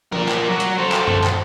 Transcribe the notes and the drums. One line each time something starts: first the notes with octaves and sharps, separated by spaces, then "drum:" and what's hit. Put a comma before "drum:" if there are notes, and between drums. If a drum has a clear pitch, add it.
A#4 D5, drum: tom E3
drum: clap
F#3 F#4
drum: hi-hat
A4 C5
drum: clap
drum: tom F#2
drum: clap